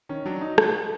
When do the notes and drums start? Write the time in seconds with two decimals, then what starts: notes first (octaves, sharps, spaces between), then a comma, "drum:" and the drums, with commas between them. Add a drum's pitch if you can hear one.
0.09 D#3 C#4
0.26 F#3 D4
0.41 D#4
0.58 drum: rim click